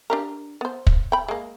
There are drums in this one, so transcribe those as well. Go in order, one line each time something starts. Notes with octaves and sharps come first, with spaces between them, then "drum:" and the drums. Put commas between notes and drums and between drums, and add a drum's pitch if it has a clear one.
D4 G4 A#4
B3 C5
drum: kick
G5 B5
G#3 A#3